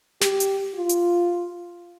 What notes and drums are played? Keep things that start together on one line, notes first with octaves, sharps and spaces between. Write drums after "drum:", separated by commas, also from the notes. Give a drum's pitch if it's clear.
G4, drum: snare
drum: hi-hat
F4
drum: hi-hat